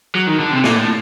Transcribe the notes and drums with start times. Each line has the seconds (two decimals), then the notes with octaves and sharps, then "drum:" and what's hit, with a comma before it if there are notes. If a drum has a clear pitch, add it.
0.15 F#3
0.27 D#3
0.39 D3
0.51 C3
0.64 A#2, drum: snare
0.76 A2